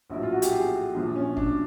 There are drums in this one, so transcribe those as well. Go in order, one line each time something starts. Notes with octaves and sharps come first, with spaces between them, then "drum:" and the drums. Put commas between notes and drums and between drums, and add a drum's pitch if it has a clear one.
A#1 A2 F#3 E4
F4
F#4
G4, drum: hi-hat
G#4
A#1 A#2 F3 D4
C#4
D4, drum: kick